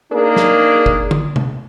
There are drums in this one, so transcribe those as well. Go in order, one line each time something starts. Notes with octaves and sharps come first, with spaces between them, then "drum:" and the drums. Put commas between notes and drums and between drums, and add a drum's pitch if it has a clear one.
A#3 D4 D#4 G#4 A#4
drum: snare
drum: kick G1
drum: tom D3
drum: tom C3